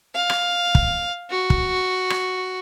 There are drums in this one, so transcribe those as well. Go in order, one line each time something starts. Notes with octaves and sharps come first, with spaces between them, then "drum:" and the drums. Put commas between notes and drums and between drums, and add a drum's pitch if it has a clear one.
F5
drum: rim click
drum: kick
F#4
drum: kick
drum: rim click